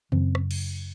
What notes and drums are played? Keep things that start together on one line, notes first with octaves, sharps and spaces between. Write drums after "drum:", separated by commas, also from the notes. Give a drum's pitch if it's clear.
F#2 C#3 C4, drum: tom D#3
drum: rim click
drum: cymbal